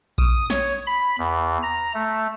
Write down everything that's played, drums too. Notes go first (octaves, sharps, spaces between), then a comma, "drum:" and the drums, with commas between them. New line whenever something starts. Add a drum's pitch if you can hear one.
D#6, drum: kick A#1
C#5, drum: snare
B5
E2
A#5
A3